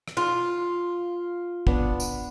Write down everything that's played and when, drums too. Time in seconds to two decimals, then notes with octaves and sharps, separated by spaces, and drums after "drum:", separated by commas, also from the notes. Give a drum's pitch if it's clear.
0.08 drum: rim click
0.17 F4
1.67 B3 D4, drum: kick
2.00 drum: tambourine